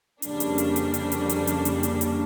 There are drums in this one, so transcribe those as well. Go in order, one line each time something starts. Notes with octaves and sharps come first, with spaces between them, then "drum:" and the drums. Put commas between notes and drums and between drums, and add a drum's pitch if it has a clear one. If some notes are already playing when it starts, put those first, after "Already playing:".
F2 C#3 G3 A#3 D4, drum: hi-hat
drum: hi-hat
drum: hi-hat
drum: hi-hat
drum: hi-hat
drum: hi-hat
drum: hi-hat
drum: hi-hat
drum: hi-hat
drum: hi-hat
drum: hi-hat